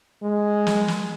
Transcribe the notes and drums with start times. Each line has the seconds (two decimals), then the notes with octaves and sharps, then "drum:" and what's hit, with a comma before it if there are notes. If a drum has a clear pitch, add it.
0.23 G#3
0.67 drum: snare
0.88 drum: snare